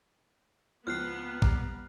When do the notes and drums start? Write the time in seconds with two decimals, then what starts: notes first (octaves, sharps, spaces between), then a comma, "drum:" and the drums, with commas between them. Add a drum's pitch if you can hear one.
0.87 C#2 F3 B3 F6 F#6 C7
1.42 G3 A#5 D6, drum: kick